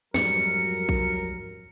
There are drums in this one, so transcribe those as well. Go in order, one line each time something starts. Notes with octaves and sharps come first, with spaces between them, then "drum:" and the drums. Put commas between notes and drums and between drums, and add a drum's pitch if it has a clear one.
F2 G#2 F#3 G3 A#4 C#7, drum: snare
drum: kick A#1